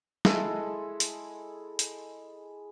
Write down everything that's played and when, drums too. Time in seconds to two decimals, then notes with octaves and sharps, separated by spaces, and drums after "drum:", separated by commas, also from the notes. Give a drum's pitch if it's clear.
0.25 G#3 E4 A4, drum: snare
1.00 drum: hi-hat
1.79 drum: hi-hat